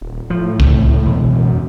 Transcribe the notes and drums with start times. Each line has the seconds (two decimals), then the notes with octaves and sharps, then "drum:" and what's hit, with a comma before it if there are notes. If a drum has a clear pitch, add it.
0.02 D#1
0.30 A2 F3
0.60 C#2 C3 A3, drum: kick
1.06 E1
1.20 G#1
1.32 F#2